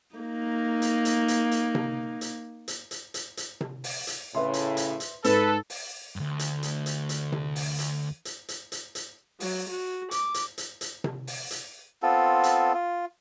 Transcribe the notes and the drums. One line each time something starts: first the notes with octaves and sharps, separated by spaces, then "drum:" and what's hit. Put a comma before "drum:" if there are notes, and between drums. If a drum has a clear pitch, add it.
A#3 D#4
drum: hi-hat
drum: hi-hat
drum: hi-hat
drum: hi-hat
drum: tom C3
drum: hi-hat
drum: hi-hat
drum: hi-hat
drum: hi-hat
drum: hi-hat
drum: tom C3
drum: open hi-hat
drum: hi-hat
A2 C#3 B4 E5 C6
drum: hi-hat
drum: hi-hat
drum: hi-hat
G#2 A4 B4, drum: hi-hat
drum: open hi-hat
D2 G2
drum: hi-hat
drum: hi-hat
drum: hi-hat
drum: hi-hat
drum: tom C3
drum: open hi-hat
drum: hi-hat
drum: hi-hat
drum: hi-hat
drum: hi-hat
drum: hi-hat
F#3, drum: open hi-hat
F#4
D6, drum: hi-hat
drum: hi-hat
drum: hi-hat
drum: hi-hat
drum: tom C3
drum: open hi-hat
drum: hi-hat
B3 C4 F4 A4
drum: hi-hat
F4